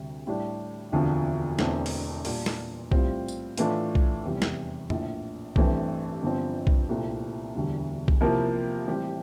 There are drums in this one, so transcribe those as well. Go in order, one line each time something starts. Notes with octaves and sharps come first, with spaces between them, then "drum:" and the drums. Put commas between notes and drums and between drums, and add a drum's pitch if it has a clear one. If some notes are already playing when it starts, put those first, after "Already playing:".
Already playing: D2 C3 G3
A2 G3 D4 G4
E1 D2 D3 F3 C4
E1 E2 D3 A3 C4, drum: snare
drum: open hi-hat
A#2 G3 D4 F4, drum: open hi-hat
drum: snare
A2 G3 C4 F4, drum: kick B1
drum: tambourine
A2 E3 A3 D4 F4, drum: hi-hat
drum: kick B1
F1 E2 C3 G3
drum: snare
A#1 A2 F3, drum: tom F2
A1 G2 E3 A3 C4, drum: kick B1
G1 G2 F3 C4
drum: kick B1
C2 A#2 A3 C4 F4
E1 D2 D3 G3
drum: kick B1
C3 F3 A#3 E4 A#4
A1 A2 G3 C4 G4